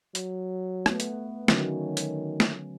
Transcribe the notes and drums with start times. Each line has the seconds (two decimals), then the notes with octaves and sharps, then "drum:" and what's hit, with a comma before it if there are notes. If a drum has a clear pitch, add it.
0.15 F#3, drum: hi-hat
0.86 A3 B3, drum: rim click
1.00 drum: hi-hat
1.48 D3 D#3 F#3 C#4, drum: snare
1.97 drum: hi-hat
2.40 drum: snare